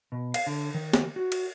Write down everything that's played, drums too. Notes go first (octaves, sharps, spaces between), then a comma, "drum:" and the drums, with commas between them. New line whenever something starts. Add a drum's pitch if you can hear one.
B2
F5, drum: cymbal
D3
D#3
drum: snare
F#4
drum: cymbal